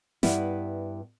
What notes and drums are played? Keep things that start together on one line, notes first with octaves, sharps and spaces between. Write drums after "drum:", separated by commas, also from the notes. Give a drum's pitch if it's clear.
G2 G3 B3 E4, drum: snare